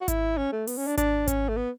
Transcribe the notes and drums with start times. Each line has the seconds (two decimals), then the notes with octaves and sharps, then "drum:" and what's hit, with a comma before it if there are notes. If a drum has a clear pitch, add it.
0.01 F#4
0.08 E4, drum: kick G#1, hi-hat
0.38 C#4
0.52 A3
0.67 B3, drum: open hi-hat
0.77 C#4
0.87 D4
0.98 D4, drum: kick G#1, hi-hat
1.28 C#4, drum: kick G#1, hi-hat
1.49 A3
1.57 B3